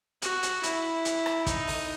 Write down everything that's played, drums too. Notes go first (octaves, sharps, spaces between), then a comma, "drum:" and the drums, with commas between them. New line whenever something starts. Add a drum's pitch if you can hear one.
F#4, drum: hi-hat
drum: hi-hat
E4, drum: hi-hat
drum: hi-hat
drum: rim click
D#4, drum: kick, hi-hat
drum: open hi-hat